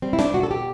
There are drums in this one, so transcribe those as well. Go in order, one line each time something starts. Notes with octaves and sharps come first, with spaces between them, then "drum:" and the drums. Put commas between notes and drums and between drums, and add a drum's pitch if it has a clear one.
G3 C4
E4
G3 D4, drum: snare
B2 F#4
A4
B2 G4